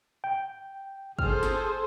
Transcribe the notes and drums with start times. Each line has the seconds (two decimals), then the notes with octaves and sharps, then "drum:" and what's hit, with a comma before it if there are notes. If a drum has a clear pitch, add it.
0.24 G5
1.19 G#4 A4 C5 F6, drum: kick
1.43 drum: snare